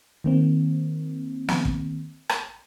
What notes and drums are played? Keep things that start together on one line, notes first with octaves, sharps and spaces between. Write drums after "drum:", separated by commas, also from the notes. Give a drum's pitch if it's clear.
D#3 A#3 C4
drum: snare
drum: kick
drum: rim click